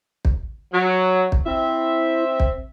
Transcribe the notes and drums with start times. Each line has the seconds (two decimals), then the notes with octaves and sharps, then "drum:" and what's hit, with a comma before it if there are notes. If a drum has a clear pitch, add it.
0.25 drum: kick
0.73 F#3
1.32 drum: kick
1.46 C4 E4 E5
2.40 drum: kick